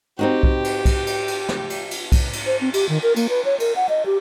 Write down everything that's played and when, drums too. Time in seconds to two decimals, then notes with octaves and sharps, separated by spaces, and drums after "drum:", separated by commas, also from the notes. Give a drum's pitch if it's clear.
0.19 C4 D#4 F#4 G4
0.43 drum: kick
0.64 drum: cymbal
0.85 drum: kick, cymbal
1.07 drum: cymbal
1.28 drum: cymbal
1.49 drum: snare
1.70 drum: cymbal
1.91 drum: cymbal
2.12 drum: kick, cymbal
2.33 drum: cymbal
2.47 C5
2.61 C4
2.74 G4, drum: cymbal
2.89 D#3
3.03 A#4
3.16 A#3, drum: cymbal
3.29 B4
3.45 C#5
3.60 A#4, drum: cymbal
3.76 F#5
3.89 D#5
4.06 G4